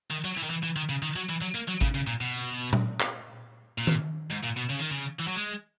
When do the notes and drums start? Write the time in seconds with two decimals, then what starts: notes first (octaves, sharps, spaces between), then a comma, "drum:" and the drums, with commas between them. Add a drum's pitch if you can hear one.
0.11 D#3
0.25 F#3
0.37 E3
0.43 D#3
0.50 E3
0.63 E3
0.76 D#3
0.89 C#3
1.03 D#3
1.16 F#3
1.30 E3
1.42 F#3
1.55 A#3
1.68 F#3
1.81 C#3, drum: kick G#1
1.95 C#3
2.07 A#2
2.21 B2
2.73 drum: tom A#2
3.00 drum: clap
3.78 A#2
3.87 drum: tom D#3
4.30 G#2
4.43 A#2
4.56 B2
4.69 C#3
4.79 D#3
4.90 C#3
5.19 E3
5.27 F#3
5.36 G#3